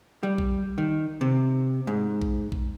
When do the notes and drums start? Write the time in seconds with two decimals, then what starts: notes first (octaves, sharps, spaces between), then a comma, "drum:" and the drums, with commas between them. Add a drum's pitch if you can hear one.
0.23 G3
0.38 drum: kick A#1
0.78 D#3
1.21 C3
1.87 G#2
2.22 drum: kick A#1
2.52 drum: kick A#1